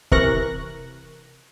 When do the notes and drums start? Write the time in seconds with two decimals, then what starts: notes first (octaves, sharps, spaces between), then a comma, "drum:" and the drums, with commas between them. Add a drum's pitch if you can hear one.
0.12 C3 E3 A#4 C#6 F#6 A#6, drum: kick